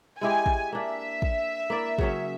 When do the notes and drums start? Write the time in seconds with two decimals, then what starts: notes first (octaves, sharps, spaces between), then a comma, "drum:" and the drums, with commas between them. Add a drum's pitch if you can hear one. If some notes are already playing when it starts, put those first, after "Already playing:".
0.21 G#3 E4 G4 G#5
0.46 drum: kick
0.72 A#3 D4 E5
1.22 drum: kick
1.70 A#3 E4 D5
1.98 C#3 F#3 C#4, drum: kick